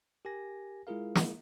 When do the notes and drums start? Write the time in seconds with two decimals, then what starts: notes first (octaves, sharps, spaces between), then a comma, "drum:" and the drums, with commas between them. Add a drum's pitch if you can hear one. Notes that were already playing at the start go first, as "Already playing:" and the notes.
0.25 G4 A#4 G#5 A#6
0.87 G#3 E4 F4 G#4 A#4 F5
1.15 drum: snare